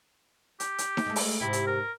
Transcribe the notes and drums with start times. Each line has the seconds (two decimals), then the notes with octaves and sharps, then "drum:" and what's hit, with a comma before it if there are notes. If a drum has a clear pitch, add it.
0.60 G4, drum: hi-hat
0.78 drum: hi-hat
0.97 drum: snare D#4
1.07 G#3 A3
1.16 drum: open hi-hat
1.41 G#2 C3 E4 G4
1.53 drum: hi-hat
1.66 A#4